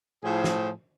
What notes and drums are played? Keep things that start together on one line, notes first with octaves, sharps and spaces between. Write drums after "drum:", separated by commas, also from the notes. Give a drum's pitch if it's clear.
A2 F3 G#4
drum: snare